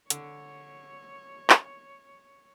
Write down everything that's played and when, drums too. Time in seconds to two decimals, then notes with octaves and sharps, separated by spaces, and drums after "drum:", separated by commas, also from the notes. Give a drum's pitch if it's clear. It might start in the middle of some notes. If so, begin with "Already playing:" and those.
0.10 D3 C#5, drum: hi-hat
1.50 drum: clap